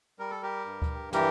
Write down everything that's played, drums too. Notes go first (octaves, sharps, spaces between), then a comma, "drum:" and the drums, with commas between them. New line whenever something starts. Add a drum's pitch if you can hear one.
G3 A#4
A4
G4 A#4
G2
drum: kick D2
E3 G4 A#4, drum: snare